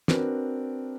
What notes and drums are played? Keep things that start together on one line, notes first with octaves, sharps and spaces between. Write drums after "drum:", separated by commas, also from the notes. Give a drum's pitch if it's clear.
C4 D4 F#4 A#4 B4, drum: snare